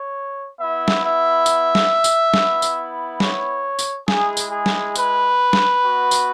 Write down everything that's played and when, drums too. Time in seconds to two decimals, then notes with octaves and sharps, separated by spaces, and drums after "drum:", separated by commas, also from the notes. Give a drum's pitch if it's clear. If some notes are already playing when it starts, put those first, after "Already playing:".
Already playing: C#5
0.59 B3 E4 E5
0.88 drum: snare
1.03 E5
1.46 drum: tambourine
1.75 drum: snare
2.04 drum: tambourine
2.34 B3 E4, drum: snare
2.62 drum: tambourine
3.20 C#5, drum: snare
3.79 drum: tambourine
4.08 G#3 E4 G#4, drum: snare
4.37 drum: tambourine
4.52 G#4
4.66 drum: snare
4.95 B4, drum: tambourine
5.53 drum: snare
5.82 B3 F#4
6.11 drum: tambourine